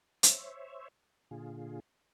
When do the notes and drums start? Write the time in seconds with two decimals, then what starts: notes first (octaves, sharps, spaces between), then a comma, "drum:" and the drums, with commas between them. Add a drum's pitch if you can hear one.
0.23 C5 C#5 E5, drum: hi-hat
1.31 A#2 D3 F4 G#4